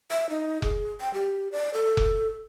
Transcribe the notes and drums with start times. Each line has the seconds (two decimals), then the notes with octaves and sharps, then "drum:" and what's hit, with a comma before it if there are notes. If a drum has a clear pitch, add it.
0.11 E5
0.30 D#4
0.62 G#4, drum: kick F1
1.00 G5
1.14 G4
1.52 D5
1.74 A4
1.97 drum: kick F1